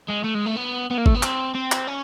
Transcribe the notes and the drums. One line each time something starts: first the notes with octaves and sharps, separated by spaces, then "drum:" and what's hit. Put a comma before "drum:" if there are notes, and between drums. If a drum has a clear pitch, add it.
G#3
A3
G#3
A3
B3
B3
A#3
A3, drum: kick
B3
C4, drum: clap
C4
drum: clap
C#4